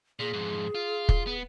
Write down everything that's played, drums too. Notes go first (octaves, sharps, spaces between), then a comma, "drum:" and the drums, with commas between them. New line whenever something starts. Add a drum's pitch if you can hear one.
A#2 G#4
F2 G#2
F4
drum: kick
B3